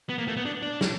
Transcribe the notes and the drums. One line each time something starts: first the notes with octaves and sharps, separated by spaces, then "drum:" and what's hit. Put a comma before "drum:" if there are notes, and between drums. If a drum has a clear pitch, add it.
B3
A#3
A3
B3
D4
D4
drum: snare